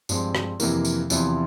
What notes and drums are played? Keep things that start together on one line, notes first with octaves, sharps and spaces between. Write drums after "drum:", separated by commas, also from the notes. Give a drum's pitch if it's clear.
G2 F3 G#3 C4, drum: tambourine
drum: rim click
F2 C3 E3 A#3, drum: tambourine
drum: tambourine
E2 C3 F3 C4 E4, drum: tambourine